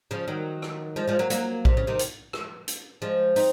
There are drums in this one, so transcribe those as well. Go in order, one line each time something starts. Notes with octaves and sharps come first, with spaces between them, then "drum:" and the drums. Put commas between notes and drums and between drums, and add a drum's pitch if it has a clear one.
C#3 F3
D#3 F#3
drum: rim click
F3 G#3
F3 G#3
F#3 A#3
F#3 A#3, drum: hi-hat
C3, drum: kick A#1
C#3
C3 D#3
drum: hi-hat
drum: rim click
drum: hi-hat
F3 G#3
C4 D#4, drum: open hi-hat